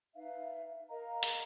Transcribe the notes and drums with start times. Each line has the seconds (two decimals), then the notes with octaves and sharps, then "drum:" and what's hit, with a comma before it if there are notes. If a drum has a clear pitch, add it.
0.15 D#4 B4 E5 F5
0.90 A#4 D#5 F5 A#5
1.23 drum: hi-hat